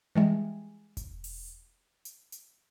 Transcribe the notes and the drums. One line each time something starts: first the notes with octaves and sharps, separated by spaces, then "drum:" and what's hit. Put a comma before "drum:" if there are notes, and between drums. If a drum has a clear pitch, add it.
E3 G3 G#3
drum: kick E1, hi-hat
drum: open hi-hat
drum: hi-hat
drum: hi-hat